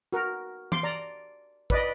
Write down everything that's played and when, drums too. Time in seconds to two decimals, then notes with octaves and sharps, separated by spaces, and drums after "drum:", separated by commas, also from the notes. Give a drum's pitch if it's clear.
0.13 F#4 A#4
0.72 C6 D6, drum: tom E3
0.83 D5 A#5
1.70 B4 D5 D#5, drum: kick